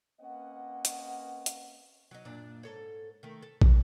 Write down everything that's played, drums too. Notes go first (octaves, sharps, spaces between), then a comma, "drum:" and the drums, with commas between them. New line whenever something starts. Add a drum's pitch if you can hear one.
A#3 C4 C#4 B4 D#5 F#5
drum: hi-hat
drum: hi-hat
F#3 D#4
F#2 A#2 D4
G#2 A4 C#5
D#3 A3
A4
E3, drum: kick